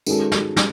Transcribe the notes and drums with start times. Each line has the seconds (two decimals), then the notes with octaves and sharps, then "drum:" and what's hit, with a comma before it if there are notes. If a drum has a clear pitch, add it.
0.06 D#3 G#3 C#4 F#4 A4, drum: tambourine
0.32 drum: snare
0.56 drum: snare